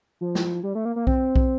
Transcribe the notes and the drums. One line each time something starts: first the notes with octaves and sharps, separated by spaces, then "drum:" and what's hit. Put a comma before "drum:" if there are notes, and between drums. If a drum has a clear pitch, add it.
F3
drum: snare
G3
A3
A#3
A#3
C4, drum: kick B1
drum: kick B1